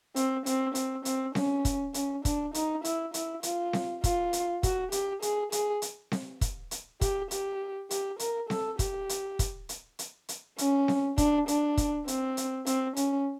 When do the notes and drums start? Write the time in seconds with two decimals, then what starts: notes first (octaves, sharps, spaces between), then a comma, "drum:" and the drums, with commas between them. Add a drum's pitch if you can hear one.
0.16 C4, drum: hi-hat
0.46 C4, drum: hi-hat
0.75 C4, drum: hi-hat
1.05 C4, drum: hi-hat
1.35 C#4, drum: snare C4
1.65 drum: kick, hi-hat
1.94 C#4, drum: hi-hat
2.25 D4, drum: kick, hi-hat
2.54 D#4, drum: hi-hat
2.84 E4, drum: hi-hat
3.14 E4, drum: hi-hat
3.43 F4, drum: hi-hat
3.73 drum: snare C4
4.04 F4, drum: kick, hi-hat
4.33 drum: hi-hat
4.63 F#4, drum: kick, hi-hat
4.92 G4, drum: hi-hat
5.22 G#4, drum: hi-hat
5.52 G#4, drum: hi-hat
5.82 drum: hi-hat
6.12 drum: snare C4
6.41 drum: kick, hi-hat
6.71 drum: hi-hat
7.01 G4, drum: kick, hi-hat
7.31 G4, drum: hi-hat
7.91 G4, drum: hi-hat
8.19 A#4, drum: hi-hat
8.50 A4, drum: snare C4
8.79 G4, drum: kick, hi-hat
9.09 drum: hi-hat
9.39 drum: kick, hi-hat
9.69 drum: hi-hat
9.99 drum: hi-hat
10.29 drum: hi-hat
10.58 C#4, drum: hi-hat
10.88 drum: snare C4
11.18 D4, drum: kick, hi-hat
11.48 D4, drum: hi-hat
11.77 drum: kick, hi-hat
12.08 C4, drum: hi-hat
12.37 drum: hi-hat
12.66 C4, drum: hi-hat
12.96 C#4, drum: hi-hat